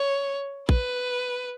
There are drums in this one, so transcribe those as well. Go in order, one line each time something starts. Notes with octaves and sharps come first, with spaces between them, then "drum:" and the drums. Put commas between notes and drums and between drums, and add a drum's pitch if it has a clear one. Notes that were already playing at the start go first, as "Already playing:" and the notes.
Already playing: C#5
B4, drum: kick